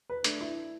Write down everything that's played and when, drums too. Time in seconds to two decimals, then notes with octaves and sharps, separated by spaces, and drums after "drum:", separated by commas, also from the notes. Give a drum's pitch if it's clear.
0.10 B4
0.24 A3 D4, drum: hi-hat
0.41 E4